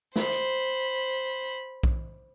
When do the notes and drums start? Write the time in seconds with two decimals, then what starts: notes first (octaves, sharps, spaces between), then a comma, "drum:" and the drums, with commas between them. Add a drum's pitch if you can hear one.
0.16 C5 B5, drum: snare
0.32 drum: hi-hat
1.83 drum: kick